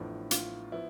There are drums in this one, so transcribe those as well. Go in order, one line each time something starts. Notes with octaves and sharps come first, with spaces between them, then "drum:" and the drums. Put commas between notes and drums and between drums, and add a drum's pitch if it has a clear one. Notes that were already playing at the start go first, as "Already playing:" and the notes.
Already playing: A1 A2 F3 B3 D4
F4, drum: hi-hat
F3 B3 E4